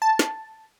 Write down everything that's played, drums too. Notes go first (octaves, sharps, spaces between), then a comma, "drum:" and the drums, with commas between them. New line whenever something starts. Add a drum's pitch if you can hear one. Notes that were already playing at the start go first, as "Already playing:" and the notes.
A5
drum: snare